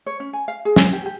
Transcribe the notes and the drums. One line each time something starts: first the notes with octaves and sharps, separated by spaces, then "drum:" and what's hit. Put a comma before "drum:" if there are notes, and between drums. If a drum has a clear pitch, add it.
C#5
C#4
G#5
F5
G#4
G#5, drum: snare
G4
G4